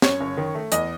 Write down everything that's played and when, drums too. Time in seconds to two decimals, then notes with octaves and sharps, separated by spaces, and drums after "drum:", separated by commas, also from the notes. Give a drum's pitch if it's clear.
0.02 F#2 C#5, drum: snare
0.21 F#1
0.37 D#3
0.55 A3
0.72 E2 D#5, drum: hi-hat